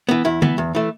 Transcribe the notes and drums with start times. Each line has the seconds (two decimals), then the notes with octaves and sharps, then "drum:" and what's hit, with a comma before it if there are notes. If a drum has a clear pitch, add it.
0.09 E3 B3
0.25 E2 E4
0.42 E3 B3, drum: tom
0.58 E2
0.75 E3 A3